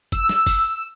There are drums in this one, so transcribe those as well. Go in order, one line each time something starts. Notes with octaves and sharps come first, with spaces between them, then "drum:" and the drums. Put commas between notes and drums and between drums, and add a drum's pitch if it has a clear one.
E6, drum: kick, hi-hat
drum: snare
drum: kick, open hi-hat